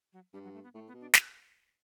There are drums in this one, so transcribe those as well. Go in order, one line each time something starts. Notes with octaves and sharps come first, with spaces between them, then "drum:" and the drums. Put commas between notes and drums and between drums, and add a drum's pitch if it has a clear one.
F#3
G2 G3
F#3
A3
B3
A2 A3
B3
B2
D4
drum: snare